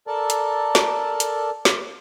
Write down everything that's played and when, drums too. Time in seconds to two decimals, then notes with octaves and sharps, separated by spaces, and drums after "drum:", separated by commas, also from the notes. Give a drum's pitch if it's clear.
0.07 A4 A#4 D5 A5
0.30 drum: hi-hat
0.75 drum: snare
1.20 drum: hi-hat
1.65 drum: snare